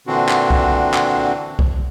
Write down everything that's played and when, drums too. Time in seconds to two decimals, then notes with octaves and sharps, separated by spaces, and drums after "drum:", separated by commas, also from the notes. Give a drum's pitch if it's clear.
0.07 A#2 D3 E3 C4 D4 F#4
0.29 drum: clap
0.50 drum: kick B1
0.94 drum: clap
1.59 drum: kick B1